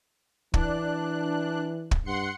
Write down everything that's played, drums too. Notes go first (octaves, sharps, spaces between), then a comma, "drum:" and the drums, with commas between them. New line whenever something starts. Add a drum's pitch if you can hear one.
E3 D4 F#6, drum: kick
drum: kick
G2 F#5 C6 C#7